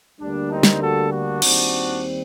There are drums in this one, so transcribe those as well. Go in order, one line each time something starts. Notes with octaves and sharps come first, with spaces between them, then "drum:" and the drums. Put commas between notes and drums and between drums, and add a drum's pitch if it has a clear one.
D2 D3 G3 A#3 D4
C4 D#4
drum: snare
F#4 A4
D4 F#4
D#2 D#3 G3 C4, drum: cymbal